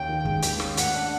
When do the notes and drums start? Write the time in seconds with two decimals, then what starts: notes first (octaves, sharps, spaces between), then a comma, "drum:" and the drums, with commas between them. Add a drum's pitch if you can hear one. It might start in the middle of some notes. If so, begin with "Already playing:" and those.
Already playing: D#2 C#4 G5
0.08 D#3
0.25 G#3, drum: kick
0.42 D#2, drum: hi-hat
0.60 C#4, drum: snare
0.77 A2 F#5, drum: hi-hat
0.94 D4